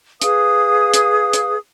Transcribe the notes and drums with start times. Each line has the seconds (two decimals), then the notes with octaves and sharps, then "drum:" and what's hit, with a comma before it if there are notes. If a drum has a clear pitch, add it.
0.22 G#4 B4 F5 D#6, drum: hi-hat
0.94 drum: hi-hat
1.33 drum: hi-hat